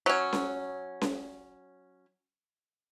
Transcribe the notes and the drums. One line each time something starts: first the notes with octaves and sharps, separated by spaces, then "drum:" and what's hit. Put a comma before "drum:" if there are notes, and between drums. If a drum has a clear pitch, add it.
F#3 C#4
drum: snare C#4
drum: snare C#4